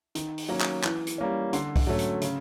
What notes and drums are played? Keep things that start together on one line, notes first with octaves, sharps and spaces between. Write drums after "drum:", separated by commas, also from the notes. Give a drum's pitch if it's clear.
D#3, drum: hi-hat
drum: open hi-hat
F#3 A#3 C#4
drum: clap
E3, drum: clap
drum: hi-hat
G3 A#3 C#4
D3 C6, drum: hi-hat
drum: kick C2, open hi-hat
F#3 A3 C#4
drum: hi-hat
C#3, drum: hi-hat